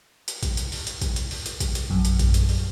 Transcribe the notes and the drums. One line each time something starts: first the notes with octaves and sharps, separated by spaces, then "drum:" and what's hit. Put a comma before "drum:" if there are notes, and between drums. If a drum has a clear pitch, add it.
drum: hi-hat
drum: kick A1, hi-hat
drum: hi-hat
drum: open hi-hat
drum: hi-hat
drum: kick A1, hi-hat
drum: hi-hat
drum: open hi-hat
drum: hi-hat
drum: kick A1, hi-hat
drum: hi-hat
A#1 F#2
drum: hi-hat
drum: kick A1, hi-hat
drum: hi-hat
drum: open hi-hat